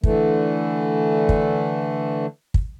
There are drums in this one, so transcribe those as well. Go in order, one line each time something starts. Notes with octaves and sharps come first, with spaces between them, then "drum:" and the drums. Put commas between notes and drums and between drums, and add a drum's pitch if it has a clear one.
D3 E3 A3, drum: kick
drum: kick
drum: kick